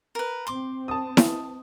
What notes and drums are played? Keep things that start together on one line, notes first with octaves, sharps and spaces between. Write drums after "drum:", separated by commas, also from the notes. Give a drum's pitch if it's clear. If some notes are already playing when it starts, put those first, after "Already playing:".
A#4 B4
C4 C6 D6
A5 D#6
drum: snare E4